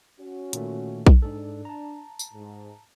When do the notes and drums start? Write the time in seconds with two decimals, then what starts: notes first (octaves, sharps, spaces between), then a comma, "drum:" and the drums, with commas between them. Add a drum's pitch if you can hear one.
0.20 C#4 F#4
0.53 A#2 D#3 A3, drum: hi-hat
1.07 drum: kick B1
1.22 G#2 D4 A4
1.65 A5 A#5
2.19 drum: tambourine
2.34 G#2